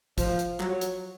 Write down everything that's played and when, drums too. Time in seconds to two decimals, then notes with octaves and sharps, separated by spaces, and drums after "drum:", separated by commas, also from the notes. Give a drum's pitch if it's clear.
0.18 F3, drum: kick G1, hi-hat
0.39 drum: hi-hat
0.60 F#3, drum: clap
0.81 drum: hi-hat